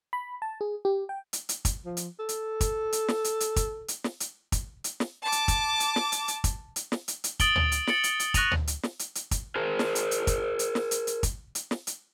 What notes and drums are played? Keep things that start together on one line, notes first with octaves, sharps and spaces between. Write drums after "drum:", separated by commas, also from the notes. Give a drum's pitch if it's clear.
B5
A5
G#4
G4
G5
drum: hi-hat
drum: hi-hat
drum: kick, hi-hat
F3
drum: hi-hat
A4
drum: hi-hat
drum: kick, hi-hat
drum: hi-hat
drum: snare
drum: hi-hat
drum: hi-hat
drum: kick, hi-hat
drum: hi-hat
drum: snare
drum: hi-hat
drum: kick, hi-hat
drum: hi-hat
drum: snare
A5 D6
drum: hi-hat
drum: kick, hi-hat
drum: hi-hat
drum: snare
drum: hi-hat
drum: hi-hat
drum: kick, hi-hat
drum: hi-hat
drum: snare
drum: hi-hat
drum: hi-hat
D#6 A6 D7 F#7 G7, drum: kick, hi-hat
drum: tom
drum: hi-hat
A6 C#7 D7 F#7, drum: snare
drum: hi-hat
drum: hi-hat
C#6 F#6 A#6 D#7 F7, drum: kick, hi-hat
drum: tom
drum: hi-hat
drum: snare
drum: hi-hat
drum: hi-hat
drum: kick, hi-hat
G#4 A#4 C5
drum: snare
drum: hi-hat
drum: hi-hat
drum: kick, hi-hat
drum: hi-hat
drum: snare
drum: hi-hat
drum: hi-hat
drum: kick, hi-hat
drum: hi-hat
drum: snare
drum: hi-hat